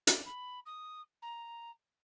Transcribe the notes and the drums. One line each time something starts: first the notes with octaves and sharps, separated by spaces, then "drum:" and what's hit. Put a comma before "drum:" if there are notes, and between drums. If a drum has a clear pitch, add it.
D5, drum: hi-hat
B5
D#6
A#5